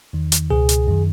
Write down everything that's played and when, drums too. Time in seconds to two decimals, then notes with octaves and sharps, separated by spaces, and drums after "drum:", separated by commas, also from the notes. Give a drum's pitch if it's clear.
0.13 E2 D#3
0.32 drum: hi-hat
0.50 C#2 B2 G#4
0.69 drum: hi-hat
0.87 F#2 D#3